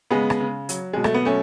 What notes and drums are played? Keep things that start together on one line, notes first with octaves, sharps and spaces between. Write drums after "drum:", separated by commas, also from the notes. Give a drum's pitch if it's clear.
C#3 G#3 B3
drum: rim click
C#3
F#3, drum: hi-hat
B2 G#3
A3, drum: rim click
B3
F#3 A3 C#4